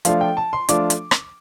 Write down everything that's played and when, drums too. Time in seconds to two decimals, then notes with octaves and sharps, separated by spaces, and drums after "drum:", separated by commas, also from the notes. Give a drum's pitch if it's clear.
0.05 F3 A3 D4 F4 F5, drum: hi-hat
0.21 G5
0.37 A5
0.53 C6
0.69 F3 A3 D4 F4 D6, drum: hi-hat
0.90 drum: hi-hat
1.11 drum: rim click